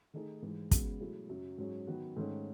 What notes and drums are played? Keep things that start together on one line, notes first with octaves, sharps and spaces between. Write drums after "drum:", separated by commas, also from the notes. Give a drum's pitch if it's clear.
D#3 A3 D#4 G#4
G#2 E3 G#3
C#3 G#3 B3 F#4, drum: kick, hi-hat
B2 F#3 A3 E4 G#4
F#2 C#3 F#3
G#2 F#3 C#4 G#4
D#3 F#3 B3 F#4
G#2 D#3 A3 C#4